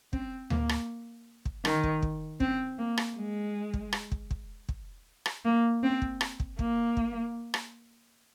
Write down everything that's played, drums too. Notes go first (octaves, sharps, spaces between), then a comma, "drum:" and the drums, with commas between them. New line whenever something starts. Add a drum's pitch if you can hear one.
C4, drum: kick
A#3, drum: tom D2
drum: rim click
drum: kick
D#3, drum: rim click
drum: kick
drum: kick
C4, drum: kick
A#3
drum: rim click
G#3
drum: kick
drum: rim click
drum: kick
drum: kick
drum: kick
drum: rim click
A#3
C4
drum: kick
drum: rim click
drum: kick
A#3, drum: kick
drum: kick
drum: rim click